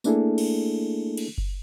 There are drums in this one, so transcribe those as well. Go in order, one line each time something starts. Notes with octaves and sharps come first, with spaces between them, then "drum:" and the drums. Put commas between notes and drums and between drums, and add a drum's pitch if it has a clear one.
A3 A#3 D4 E4 G#4 A4, drum: tambourine
drum: cymbal
drum: cymbal
drum: kick F#1